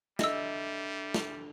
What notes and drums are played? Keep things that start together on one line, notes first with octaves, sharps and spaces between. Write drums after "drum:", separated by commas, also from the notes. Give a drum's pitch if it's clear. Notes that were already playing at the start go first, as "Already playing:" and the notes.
D3 G3 D#5 E5 E6, drum: snare
drum: snare